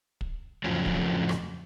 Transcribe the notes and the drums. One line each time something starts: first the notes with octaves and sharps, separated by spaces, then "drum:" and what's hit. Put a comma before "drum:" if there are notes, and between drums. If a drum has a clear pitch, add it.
drum: kick
F2 A2 C#3 F3 F#3
drum: kick
drum: rim click